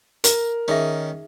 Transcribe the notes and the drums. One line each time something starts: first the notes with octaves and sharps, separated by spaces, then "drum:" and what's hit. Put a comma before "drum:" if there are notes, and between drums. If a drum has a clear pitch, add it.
A#4, drum: hi-hat
D#3 C#4 D#4 G#4 E5